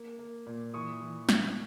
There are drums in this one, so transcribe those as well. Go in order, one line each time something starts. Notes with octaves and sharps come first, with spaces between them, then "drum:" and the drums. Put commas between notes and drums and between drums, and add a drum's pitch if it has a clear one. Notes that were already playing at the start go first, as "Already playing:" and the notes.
Already playing: A#3
A#3
A#2
E3 C#6 D#6
E3
E3, drum: snare